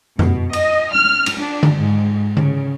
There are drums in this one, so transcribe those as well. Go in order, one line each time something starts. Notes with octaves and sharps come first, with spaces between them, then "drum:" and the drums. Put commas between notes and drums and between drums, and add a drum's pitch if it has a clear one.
B2, drum: tom F2
D#5, drum: cymbal
F6
drum: cymbal
D4
drum: tom D3
G#2
C#3, drum: tom D3